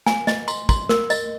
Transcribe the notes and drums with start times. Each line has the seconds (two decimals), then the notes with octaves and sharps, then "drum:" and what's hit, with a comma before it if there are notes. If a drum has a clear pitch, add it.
0.06 G#5, drum: snare
0.27 D#5, drum: snare
0.48 C6, drum: tambourine
0.69 C6, drum: kick, tambourine
0.89 A#4, drum: snare
1.10 D#5, drum: tambourine